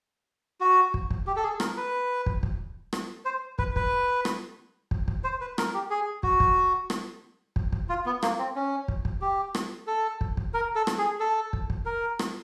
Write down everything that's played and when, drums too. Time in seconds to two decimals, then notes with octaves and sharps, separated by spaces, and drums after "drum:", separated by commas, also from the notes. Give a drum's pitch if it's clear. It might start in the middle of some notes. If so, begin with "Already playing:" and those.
0.61 F#4
0.94 drum: kick
1.11 drum: kick
1.27 G4
1.36 A4
1.44 G#4
1.60 A#4, drum: rim click
1.77 B4
2.26 drum: kick
2.43 drum: kick
2.93 drum: rim click
3.25 C5
3.59 B4, drum: kick
3.76 B4, drum: kick
4.25 drum: rim click
4.91 drum: kick
5.08 drum: kick
5.24 C5
5.41 B4
5.58 A#4, drum: rim click
5.74 G4
5.90 G#4
6.23 F#4, drum: kick
6.40 drum: kick
6.90 drum: rim click
7.56 drum: kick
7.73 drum: kick
7.89 F4
8.06 B3
8.23 A#3, drum: rim click
8.39 C4
8.56 C#4
8.88 drum: kick
9.05 drum: kick
9.22 G4
9.55 drum: rim click
9.87 A4
10.21 drum: kick
10.37 drum: kick
10.54 A#4
10.76 A4
10.87 drum: rim click
10.99 G#4
11.20 A4
11.53 drum: kick
11.70 drum: kick
11.86 A#4
12.19 drum: rim click